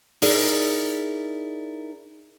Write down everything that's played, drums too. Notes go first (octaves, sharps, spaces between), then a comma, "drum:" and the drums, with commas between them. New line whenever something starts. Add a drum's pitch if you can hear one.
D#4 E4 G#4 A#4 D5, drum: open hi-hat